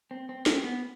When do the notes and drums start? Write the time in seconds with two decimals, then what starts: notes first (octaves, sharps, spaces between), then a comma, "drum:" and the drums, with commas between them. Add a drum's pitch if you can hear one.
0.11 C4
0.29 C4
0.46 C4, drum: snare
0.64 B3